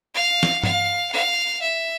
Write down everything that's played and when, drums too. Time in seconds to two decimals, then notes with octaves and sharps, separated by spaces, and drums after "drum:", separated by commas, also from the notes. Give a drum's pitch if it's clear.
0.14 F5
0.43 drum: snare
0.63 F5, drum: tom G2
1.12 F5
1.62 E5